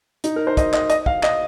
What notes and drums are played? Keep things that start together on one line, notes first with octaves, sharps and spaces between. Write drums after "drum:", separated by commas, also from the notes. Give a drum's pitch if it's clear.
D#4, drum: hi-hat
A#4
C5
D#5, drum: kick, hi-hat
D#5, drum: clap
D#5, drum: hi-hat
F5, drum: kick
D#5, drum: clap